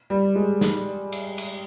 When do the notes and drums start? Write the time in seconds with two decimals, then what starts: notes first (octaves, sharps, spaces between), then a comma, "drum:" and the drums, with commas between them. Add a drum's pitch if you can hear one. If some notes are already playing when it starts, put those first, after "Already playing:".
0.10 G3
0.35 G#3
0.61 drum: snare
1.12 drum: cymbal
1.38 drum: cymbal